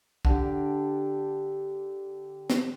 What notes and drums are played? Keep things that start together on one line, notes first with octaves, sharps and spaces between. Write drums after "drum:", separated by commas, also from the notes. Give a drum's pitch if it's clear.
D3 G4, drum: kick
drum: snare